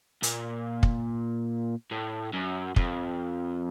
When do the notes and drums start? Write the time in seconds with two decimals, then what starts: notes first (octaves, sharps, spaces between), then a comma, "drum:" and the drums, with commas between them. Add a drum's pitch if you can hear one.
0.23 A#2, drum: hi-hat
0.83 drum: kick
1.91 A2
2.33 F#2
2.76 F2, drum: kick